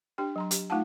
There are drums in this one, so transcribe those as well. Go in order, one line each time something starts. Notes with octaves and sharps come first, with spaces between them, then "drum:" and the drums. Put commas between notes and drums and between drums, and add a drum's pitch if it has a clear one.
D4 G4 G5
F#3 A#5 C6
G4, drum: hi-hat
A3 D#4 F4 F5 F#5 A5